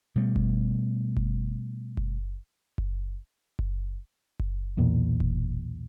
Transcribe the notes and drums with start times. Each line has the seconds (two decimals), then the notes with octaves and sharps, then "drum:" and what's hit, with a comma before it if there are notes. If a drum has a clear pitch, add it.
0.16 B2 G3 A3
0.36 drum: kick F#1
1.17 drum: kick F#1
1.97 drum: kick F#1
2.78 drum: kick F#1
3.59 drum: kick F#1
4.40 drum: kick F#1
4.77 B1 E2 A#2
5.20 drum: kick F#1